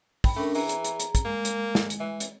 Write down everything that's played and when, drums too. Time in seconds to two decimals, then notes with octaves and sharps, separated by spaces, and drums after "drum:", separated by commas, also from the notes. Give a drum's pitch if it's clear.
0.24 G5 B5, drum: kick, open hi-hat
0.36 A3 C#4 D4 A#4
0.55 E3 G#4 A#5, drum: open hi-hat
0.69 drum: hi-hat
0.84 drum: hi-hat
1.00 drum: hi-hat
1.15 drum: kick, hi-hat
1.25 G#3 A#3
1.45 drum: hi-hat
1.75 drum: snare
1.90 drum: hi-hat
2.00 E3
2.20 drum: hi-hat